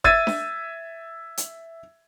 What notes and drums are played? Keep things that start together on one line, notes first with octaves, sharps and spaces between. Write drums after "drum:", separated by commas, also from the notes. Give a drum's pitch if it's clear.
E5 E6 G#6 A6 D#7, drum: kick G1
drum: snare D4
drum: hi-hat